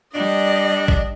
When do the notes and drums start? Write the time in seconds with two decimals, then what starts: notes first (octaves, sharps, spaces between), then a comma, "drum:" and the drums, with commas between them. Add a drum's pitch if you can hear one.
0.15 G3 D4 D#5
0.88 drum: kick